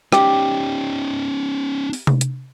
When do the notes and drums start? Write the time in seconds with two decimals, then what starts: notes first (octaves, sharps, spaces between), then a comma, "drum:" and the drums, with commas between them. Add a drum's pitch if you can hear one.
0.12 C#4 D#4 G4, drum: rim click
1.93 drum: open hi-hat
2.07 drum: tom C3
2.21 drum: hi-hat